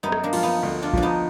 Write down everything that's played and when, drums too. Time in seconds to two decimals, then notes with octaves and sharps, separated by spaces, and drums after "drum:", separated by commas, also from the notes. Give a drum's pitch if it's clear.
0.03 F#2 B3 D#4
0.12 drum: rim click
0.23 A#3 D4
0.33 F3 F4, drum: cymbal
0.43 B3 D#4
0.63 D2
0.82 D4 F4
0.93 F3 D4, drum: kick A#1
1.02 B3 D#4